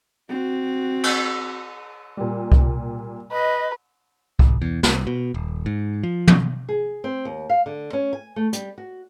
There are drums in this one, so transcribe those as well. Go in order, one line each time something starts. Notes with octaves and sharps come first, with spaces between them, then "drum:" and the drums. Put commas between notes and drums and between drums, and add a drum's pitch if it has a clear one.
C4 F#4
drum: cymbal
A#2 G3
drum: kick C2
B4 D#5
G#1, drum: kick C2
E2
C2, drum: snare
B2
D#1
G#2
F3
drum: tom
G#4
C4
D#2
F5
D3
C#4
G#5
A3
G3, drum: hi-hat
F#4